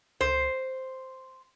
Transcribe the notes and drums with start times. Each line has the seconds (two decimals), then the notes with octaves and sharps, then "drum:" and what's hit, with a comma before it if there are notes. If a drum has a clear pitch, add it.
0.21 C5, drum: tom C#2